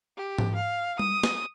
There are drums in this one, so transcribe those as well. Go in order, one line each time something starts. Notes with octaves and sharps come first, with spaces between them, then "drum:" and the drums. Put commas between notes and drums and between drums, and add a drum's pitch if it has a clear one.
G4
drum: tom G#2
F5
D#6, drum: tom G3
drum: snare